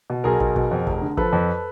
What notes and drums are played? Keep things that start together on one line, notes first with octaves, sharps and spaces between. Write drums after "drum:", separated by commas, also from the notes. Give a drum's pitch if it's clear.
B2
B1 G#4 A#4
B1, drum: kick
B2, drum: kick
F2
F1, drum: kick
D3
F3 A4 B4, drum: kick
F2